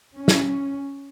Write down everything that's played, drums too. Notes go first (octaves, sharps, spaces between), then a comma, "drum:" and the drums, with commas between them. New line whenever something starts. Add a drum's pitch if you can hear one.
C#4
drum: snare